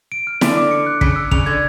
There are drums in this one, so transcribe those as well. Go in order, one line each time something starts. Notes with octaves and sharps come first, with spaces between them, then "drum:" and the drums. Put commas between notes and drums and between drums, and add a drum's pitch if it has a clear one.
D7
F6
D3 B6, drum: snare E4
D6
C#7
F#6
C#3 B6, drum: kick
E6
C#3 F7, drum: kick
D3 G#6